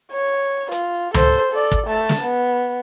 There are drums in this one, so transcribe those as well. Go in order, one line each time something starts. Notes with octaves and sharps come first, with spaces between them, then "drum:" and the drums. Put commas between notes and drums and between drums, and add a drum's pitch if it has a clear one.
C#5
F4, drum: hi-hat
A4 C5, drum: tom C#2
A4 D5
drum: kick
A3 A5
drum: snare
B3